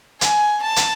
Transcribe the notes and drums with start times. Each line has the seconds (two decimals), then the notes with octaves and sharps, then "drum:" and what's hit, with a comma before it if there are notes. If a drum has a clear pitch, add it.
0.21 G#5, drum: hi-hat
0.62 A5
0.76 drum: hi-hat